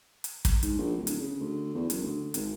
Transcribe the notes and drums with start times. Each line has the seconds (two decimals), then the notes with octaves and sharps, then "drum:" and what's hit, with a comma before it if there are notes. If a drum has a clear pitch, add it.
0.24 drum: hi-hat
0.45 drum: kick, hi-hat
0.63 G#2, drum: hi-hat
0.78 A#1
0.97 D1
1.07 drum: hi-hat
1.20 C#3
1.40 D2
1.75 E2
1.90 F#1, drum: hi-hat
2.03 D2
2.34 G#1, drum: hi-hat